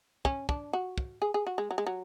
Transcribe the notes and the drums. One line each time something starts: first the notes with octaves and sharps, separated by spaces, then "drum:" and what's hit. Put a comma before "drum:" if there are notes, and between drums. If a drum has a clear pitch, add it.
C#4, drum: kick
D4, drum: kick
F#4
drum: kick
G#4
G#4
F#4
G#3
F#3
G#3
F#3